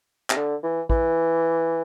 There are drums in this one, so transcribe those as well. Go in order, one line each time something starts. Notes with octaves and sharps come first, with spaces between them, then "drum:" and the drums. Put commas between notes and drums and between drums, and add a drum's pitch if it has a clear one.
C3, drum: clap
D3
E3
E3, drum: kick A1